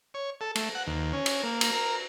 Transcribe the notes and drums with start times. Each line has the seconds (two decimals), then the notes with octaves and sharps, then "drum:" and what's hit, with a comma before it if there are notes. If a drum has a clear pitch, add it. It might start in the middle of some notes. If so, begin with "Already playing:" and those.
0.14 C#5
0.41 A4
0.55 A3, drum: cymbal
0.75 F#5
0.87 D#2
1.13 C#4
1.26 drum: cymbal
1.43 A#3
1.61 drum: cymbal
1.73 A#4